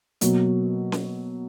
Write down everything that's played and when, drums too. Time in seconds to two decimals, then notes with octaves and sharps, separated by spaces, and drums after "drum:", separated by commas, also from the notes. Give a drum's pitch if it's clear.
0.21 B2 F#3 A#3, drum: hi-hat
0.92 drum: snare C#4